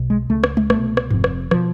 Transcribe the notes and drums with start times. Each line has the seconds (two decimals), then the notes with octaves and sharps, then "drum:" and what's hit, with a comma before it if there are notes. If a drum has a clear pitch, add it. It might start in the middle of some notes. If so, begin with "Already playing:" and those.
Already playing: B1 B2
0.10 G#3
0.30 C#2 C#3 A3
0.44 drum: rim click
0.57 drum: tom G#3
0.70 C2 B2 A3, drum: rim click
0.97 drum: rim click
1.11 F1 F2 C3, drum: tom G2
1.24 drum: rim click
1.51 B2 F3, drum: rim click